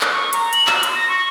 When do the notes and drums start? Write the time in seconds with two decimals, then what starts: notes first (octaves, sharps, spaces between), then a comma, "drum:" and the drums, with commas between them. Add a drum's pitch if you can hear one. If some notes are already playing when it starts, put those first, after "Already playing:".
0.01 drum: clap
0.11 C#6
0.33 A#5, drum: hi-hat
0.53 F#7, drum: hi-hat
0.67 E7, drum: clap
0.83 C6, drum: hi-hat
0.95 A#6
1.09 C#6